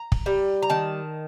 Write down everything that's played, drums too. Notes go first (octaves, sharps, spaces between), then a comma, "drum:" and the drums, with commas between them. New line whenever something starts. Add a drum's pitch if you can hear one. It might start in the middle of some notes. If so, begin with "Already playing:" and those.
Already playing: A#5
drum: kick
G3
A#5
D#3 A5